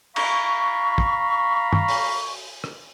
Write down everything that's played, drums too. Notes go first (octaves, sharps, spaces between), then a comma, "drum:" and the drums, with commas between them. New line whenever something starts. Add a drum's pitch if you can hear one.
F5 A#5 B5 C#6, drum: cymbal
drum: kick
drum: tom G2
drum: open hi-hat
drum: rim click